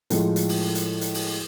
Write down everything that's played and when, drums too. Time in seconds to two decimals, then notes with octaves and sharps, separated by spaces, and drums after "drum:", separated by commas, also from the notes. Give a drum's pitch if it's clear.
0.10 A2 F3 G#3, drum: hi-hat
0.36 drum: hi-hat
0.49 drum: open hi-hat
0.75 drum: hi-hat
1.01 drum: hi-hat
1.14 drum: open hi-hat